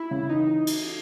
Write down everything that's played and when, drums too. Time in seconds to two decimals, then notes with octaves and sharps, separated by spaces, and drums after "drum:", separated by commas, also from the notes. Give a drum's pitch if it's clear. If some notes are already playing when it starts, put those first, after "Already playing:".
Already playing: E4
0.11 C#3
0.29 E3 D#4
0.67 drum: cymbal